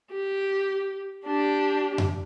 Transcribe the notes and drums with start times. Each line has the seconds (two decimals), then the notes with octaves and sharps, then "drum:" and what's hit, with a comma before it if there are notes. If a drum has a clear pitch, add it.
0.12 G4
1.26 D4 G4
1.98 drum: tom F2